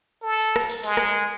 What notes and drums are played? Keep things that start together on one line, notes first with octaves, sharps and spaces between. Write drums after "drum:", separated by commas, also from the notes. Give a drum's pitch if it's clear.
A4
drum: hi-hat
drum: rim click
drum: open hi-hat
G#3, drum: open hi-hat
drum: rim click
drum: hi-hat